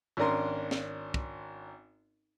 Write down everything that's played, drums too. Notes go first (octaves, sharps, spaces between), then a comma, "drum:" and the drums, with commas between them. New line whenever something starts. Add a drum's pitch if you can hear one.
G#1 C#4 D4 A#4 A#5 C6
drum: snare
drum: kick